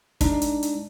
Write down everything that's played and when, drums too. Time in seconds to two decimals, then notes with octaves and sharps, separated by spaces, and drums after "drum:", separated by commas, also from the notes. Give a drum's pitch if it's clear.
0.21 G#3 D4 D#4, drum: kick, hi-hat
0.42 drum: hi-hat
0.63 drum: hi-hat